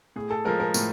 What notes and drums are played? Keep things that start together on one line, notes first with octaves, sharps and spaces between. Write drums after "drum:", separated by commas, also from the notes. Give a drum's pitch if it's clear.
A2 G#4
A4
F3 G#3 A#4
A#4
A2, drum: tambourine